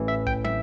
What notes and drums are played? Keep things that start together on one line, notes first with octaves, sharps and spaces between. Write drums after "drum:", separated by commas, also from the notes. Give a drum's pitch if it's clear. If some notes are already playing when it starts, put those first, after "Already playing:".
Already playing: A1 A2 E3
E5
G5, drum: kick B1
E5, drum: tom